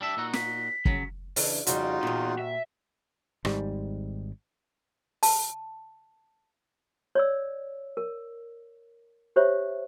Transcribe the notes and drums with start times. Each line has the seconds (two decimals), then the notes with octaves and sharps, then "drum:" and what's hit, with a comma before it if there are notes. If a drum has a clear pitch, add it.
0.01 G3 D4 E5 E6
0.17 A#2 D#4 F#4
0.33 B6, drum: snare
0.85 C#3 F#3, drum: kick
1.36 C#3 E3 D4, drum: open hi-hat
1.67 F2 C#3 G3 D#4 F4 F#4, drum: hi-hat
2.03 E2 A#2 G4
2.39 E5
3.45 G#1 G#2 G3, drum: rim click
5.23 A5, drum: open hi-hat
7.15 C#5 D5 E6
7.97 A#4
9.36 G4 C5 C#5 E5